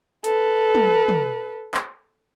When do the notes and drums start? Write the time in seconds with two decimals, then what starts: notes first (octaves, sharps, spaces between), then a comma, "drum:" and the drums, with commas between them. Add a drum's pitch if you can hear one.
0.24 A4 B4, drum: hi-hat
0.75 drum: tom
1.08 drum: tom
1.74 drum: clap